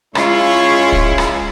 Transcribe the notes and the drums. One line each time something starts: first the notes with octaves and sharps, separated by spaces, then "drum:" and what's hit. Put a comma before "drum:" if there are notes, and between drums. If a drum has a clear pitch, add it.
G#3 C#4 E4 F4 C#5, drum: rim click
drum: kick
drum: rim click